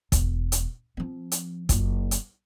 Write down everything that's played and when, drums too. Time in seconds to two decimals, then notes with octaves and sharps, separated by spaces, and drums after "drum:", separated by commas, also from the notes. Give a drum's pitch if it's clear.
0.12 E1, drum: kick, hi-hat
0.52 drum: hi-hat
0.97 F3 C4
1.32 drum: hi-hat
1.69 F#1 F4, drum: kick, hi-hat
2.11 drum: hi-hat